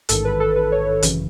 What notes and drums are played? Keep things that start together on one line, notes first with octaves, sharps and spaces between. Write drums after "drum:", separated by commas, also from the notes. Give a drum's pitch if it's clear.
A1 G#2 D#3 A4, drum: hi-hat
B4
A4
B4
C#5
G#1 F#2 C#3 E3, drum: hi-hat